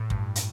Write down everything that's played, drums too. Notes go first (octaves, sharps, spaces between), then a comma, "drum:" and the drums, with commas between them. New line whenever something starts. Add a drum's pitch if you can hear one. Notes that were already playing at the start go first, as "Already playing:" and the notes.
Already playing: A2
G2, drum: kick
drum: hi-hat